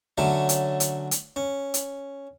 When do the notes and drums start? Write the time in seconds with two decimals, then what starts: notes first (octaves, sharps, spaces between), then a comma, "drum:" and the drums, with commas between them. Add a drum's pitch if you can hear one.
0.18 D3 F#3 A3 C#4
0.49 drum: hi-hat
0.80 drum: hi-hat
1.11 drum: hi-hat
1.36 C#4
1.74 drum: hi-hat